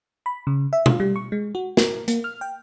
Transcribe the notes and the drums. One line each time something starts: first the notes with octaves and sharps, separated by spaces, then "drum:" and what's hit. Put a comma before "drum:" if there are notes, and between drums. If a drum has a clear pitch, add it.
B5
C#3
E5
F4, drum: tom B2
G3
C#6
G#3
F#4
A#4, drum: snare
A#3, drum: hi-hat
F6
G5